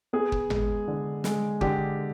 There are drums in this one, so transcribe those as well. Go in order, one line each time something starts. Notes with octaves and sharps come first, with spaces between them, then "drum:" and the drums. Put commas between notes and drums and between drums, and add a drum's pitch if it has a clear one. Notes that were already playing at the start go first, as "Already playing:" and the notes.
B3 G#4
drum: kick
G#3, drum: tom G#1
D3
G#3, drum: snare
D3 G4, drum: kick